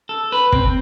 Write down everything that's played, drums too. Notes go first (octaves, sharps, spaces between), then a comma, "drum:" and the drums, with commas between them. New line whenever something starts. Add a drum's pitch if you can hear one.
A4
B4
C4, drum: kick